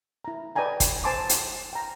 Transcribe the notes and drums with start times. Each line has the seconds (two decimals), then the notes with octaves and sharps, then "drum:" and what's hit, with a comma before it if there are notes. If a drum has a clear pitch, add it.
0.25 E4 A#5
0.55 B4 D5 D#5 G5 G#5 A#5
0.80 drum: kick, hi-hat
1.04 C5 G#5 A5 C6 D6
1.29 drum: hi-hat
1.73 G5 A#5